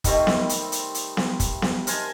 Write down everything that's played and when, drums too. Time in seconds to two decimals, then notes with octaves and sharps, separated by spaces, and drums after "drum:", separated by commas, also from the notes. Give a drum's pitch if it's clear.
0.04 D#3 G3 A3 C4, drum: kick, hi-hat
0.27 drum: snare B3
0.49 drum: hi-hat
0.72 drum: hi-hat
0.95 drum: hi-hat
1.17 drum: snare B3
1.40 drum: kick, hi-hat
1.62 drum: snare B3
1.87 A#4 C5 G#5 A5, drum: hi-hat